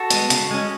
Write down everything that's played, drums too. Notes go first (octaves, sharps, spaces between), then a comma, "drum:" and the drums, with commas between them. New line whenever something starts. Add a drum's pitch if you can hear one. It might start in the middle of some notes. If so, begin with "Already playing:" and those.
Already playing: F#4 A4
G#3 B3, drum: hi-hat
C#3, drum: hi-hat
G#3 C#4